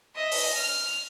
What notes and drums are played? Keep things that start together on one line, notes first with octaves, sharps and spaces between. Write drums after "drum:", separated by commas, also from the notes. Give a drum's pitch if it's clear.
D#5 E5
drum: open hi-hat
F6